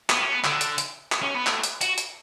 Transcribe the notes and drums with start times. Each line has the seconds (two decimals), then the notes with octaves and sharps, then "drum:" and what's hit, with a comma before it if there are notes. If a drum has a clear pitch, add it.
0.10 B3, drum: clap
0.21 C#4
0.33 B3
0.44 D3, drum: clap
0.61 drum: hi-hat
0.78 drum: hi-hat
1.12 drum: clap
1.22 C#4
1.35 B3
1.47 A3, drum: clap
1.63 drum: hi-hat
1.81 F#4, drum: hi-hat
1.98 drum: hi-hat